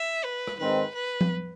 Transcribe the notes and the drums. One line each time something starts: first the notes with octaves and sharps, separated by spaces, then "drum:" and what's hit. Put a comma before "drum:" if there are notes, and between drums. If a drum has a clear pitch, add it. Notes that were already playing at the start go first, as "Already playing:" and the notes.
Already playing: E5
B4
drum: rim click
G#2 D#3 G#3 C4 D#4 B4
B4
drum: tom F3